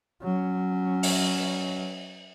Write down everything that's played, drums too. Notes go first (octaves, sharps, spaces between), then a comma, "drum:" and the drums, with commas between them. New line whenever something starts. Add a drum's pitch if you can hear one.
F#3 C#4
drum: open hi-hat